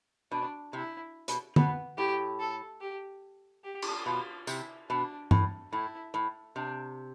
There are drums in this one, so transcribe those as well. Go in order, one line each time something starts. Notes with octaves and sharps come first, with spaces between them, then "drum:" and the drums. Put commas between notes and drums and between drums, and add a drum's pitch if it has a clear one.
B2 D4
C3 E4
B2, drum: hi-hat
B2 B3, drum: tom
A2 G4
A4
G4
G4
drum: cymbal
B2 F4
C3 E4, drum: tambourine
B2 D4
A2, drum: tom G2
A2 E4
A2
C3 D4